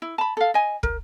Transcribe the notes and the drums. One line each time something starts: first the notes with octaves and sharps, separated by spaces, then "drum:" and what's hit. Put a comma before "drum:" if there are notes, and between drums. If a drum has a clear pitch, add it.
E4
A5 B5
A4 F5
D#5 G#5
A#4, drum: kick